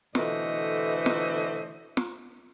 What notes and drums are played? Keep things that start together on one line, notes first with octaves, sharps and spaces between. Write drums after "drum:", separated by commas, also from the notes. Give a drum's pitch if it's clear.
B2 D3 E3 A3 C5 D#5, drum: snare
drum: snare
drum: snare